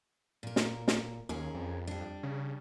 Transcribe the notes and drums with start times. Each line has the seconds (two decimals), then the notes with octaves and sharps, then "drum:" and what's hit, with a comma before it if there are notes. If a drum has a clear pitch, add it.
0.43 A#2 A#4
0.56 drum: snare
0.88 drum: snare
1.29 D#2 C#4 G#4 A#4
1.54 F2
1.87 G3 D4
2.23 C#3